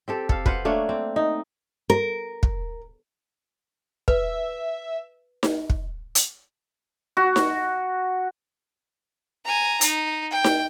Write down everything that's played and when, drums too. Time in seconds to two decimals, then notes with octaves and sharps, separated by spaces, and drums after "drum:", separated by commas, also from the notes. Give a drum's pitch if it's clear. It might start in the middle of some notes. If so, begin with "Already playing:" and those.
0.08 C4 G4 A4
0.29 A4 F5, drum: kick
0.46 B4 C5 F5 F#5, drum: kick
0.65 A3 A#3 D4 C#5
0.89 C4
1.16 D#4
1.90 A#4
2.43 drum: kick
4.08 B4 E5, drum: kick
5.43 drum: snare D#4
5.70 drum: kick
6.15 drum: hi-hat
7.17 F#4
7.36 drum: snare D#4
9.45 G#5 A#5
9.81 D#4, drum: hi-hat
10.31 G5
10.44 drum: snare D#4